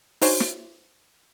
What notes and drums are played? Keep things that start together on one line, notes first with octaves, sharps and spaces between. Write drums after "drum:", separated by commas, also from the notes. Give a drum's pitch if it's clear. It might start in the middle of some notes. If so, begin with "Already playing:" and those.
D4 D#4 F#4 G#4 C5 C#5, drum: open hi-hat
drum: snare